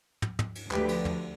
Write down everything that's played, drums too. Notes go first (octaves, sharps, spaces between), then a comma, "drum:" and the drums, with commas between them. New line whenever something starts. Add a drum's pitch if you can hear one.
drum: tom
drum: tom
drum: cymbal
D2 D3 F3 G4 B4, drum: clap
drum: cymbal
drum: tom